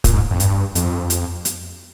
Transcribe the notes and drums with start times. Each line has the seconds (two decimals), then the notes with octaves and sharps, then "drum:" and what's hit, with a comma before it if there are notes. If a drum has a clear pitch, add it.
0.04 A#2, drum: kick, hi-hat
0.13 G#2
0.31 F2
0.40 G2, drum: hi-hat
0.75 F2, drum: hi-hat
1.10 drum: hi-hat
1.45 drum: hi-hat